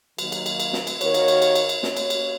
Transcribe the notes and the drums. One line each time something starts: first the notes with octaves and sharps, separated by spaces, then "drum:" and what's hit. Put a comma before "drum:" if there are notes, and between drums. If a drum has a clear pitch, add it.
D#3 F#3 A#3, drum: cymbal
drum: cymbal
drum: cymbal
drum: cymbal
drum: snare
drum: cymbal
D#3 A#3 F#4 A#4 C#5, drum: cymbal
drum: cymbal
drum: cymbal
drum: cymbal
drum: cymbal
drum: cymbal
A#3 C#4 F#4 C#5, drum: snare
drum: cymbal
drum: cymbal